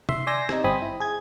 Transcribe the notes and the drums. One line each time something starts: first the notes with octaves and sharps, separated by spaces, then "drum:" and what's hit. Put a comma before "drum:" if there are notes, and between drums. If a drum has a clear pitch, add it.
E5 C6, drum: tom
D5 G#5 C6 E6 G6 A#6
C3 D#4, drum: rim click
G1 C4 G#5 B5 D#6
E4
G#4 G#6